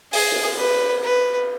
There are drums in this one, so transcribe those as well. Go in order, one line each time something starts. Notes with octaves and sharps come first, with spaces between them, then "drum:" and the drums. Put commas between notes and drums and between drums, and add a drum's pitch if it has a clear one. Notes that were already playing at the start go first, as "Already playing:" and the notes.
G#4, drum: open hi-hat
drum: cymbal
B4
B4